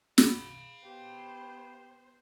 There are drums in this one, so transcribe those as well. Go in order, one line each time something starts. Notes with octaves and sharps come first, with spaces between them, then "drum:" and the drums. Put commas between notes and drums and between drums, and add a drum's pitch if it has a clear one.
F5 B5, drum: snare
B3 G4 C5